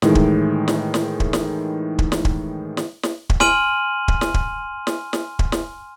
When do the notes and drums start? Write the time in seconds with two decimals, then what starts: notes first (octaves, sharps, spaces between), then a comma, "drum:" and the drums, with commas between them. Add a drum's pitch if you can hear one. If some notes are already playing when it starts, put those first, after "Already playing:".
0.02 A2 D#3 E3 G#3, drum: snare
0.15 drum: kick
0.68 drum: snare
0.94 drum: snare
1.20 drum: kick
1.33 drum: snare
1.99 drum: kick
2.12 drum: snare
2.25 drum: kick
2.77 drum: snare
3.03 drum: snare
3.30 drum: kick
3.40 G#5 C6 F6 D#7 F#7, drum: snare
4.08 drum: kick
4.21 drum: snare
4.34 drum: kick
4.87 drum: snare
5.13 drum: snare
5.39 drum: kick
5.52 drum: snare